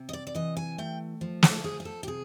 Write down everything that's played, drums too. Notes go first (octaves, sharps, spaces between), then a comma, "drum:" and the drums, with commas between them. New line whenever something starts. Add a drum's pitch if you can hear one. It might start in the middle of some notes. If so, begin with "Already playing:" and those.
Already playing: C3
D#5
D5
D5
E3 D#5
G#5
A3 G5
F3
A4, drum: snare
F3 G#4
G#4
A4
G4
C3 G#4